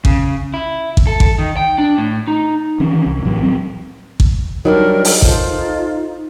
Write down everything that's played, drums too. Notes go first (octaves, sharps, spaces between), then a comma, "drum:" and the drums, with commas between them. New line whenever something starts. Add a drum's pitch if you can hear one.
C#3, drum: kick A1
E4
drum: kick A1
A4
drum: kick A1
D#3
G5
D4
A2
D#4
D#3 E3 C#4
C2
A1 A2 F#3
D1 F#3 C4
drum: kick A1
F#3 G3 D4 D#4 A#4
drum: open hi-hat
F4 A4 C5, drum: kick A1